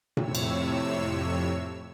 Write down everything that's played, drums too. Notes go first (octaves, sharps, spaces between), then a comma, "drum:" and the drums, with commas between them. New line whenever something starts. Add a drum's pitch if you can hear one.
F2 A2 C3 C#5 E6, drum: tom A#2
drum: cymbal